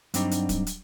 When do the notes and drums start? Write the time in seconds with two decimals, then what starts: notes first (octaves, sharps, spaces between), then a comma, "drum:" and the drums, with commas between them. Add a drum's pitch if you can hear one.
0.14 G2 F#3 G3 C4 D4 D#4, drum: hi-hat
0.31 drum: hi-hat
0.49 drum: kick D1, hi-hat
0.67 drum: hi-hat